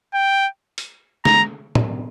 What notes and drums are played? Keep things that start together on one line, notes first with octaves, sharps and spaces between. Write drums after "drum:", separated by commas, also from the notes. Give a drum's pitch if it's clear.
G5
drum: hi-hat
A#5, drum: snare
drum: tom A2